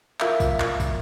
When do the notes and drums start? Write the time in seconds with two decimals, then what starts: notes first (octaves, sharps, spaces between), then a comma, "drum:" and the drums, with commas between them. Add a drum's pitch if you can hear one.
0.20 F4 A#4 E5 F5, drum: clap
0.40 drum: kick, tambourine
0.60 drum: clap
0.80 drum: kick, tambourine